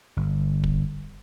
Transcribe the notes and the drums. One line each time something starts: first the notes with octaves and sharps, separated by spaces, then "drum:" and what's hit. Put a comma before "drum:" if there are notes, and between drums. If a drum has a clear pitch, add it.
G1
drum: kick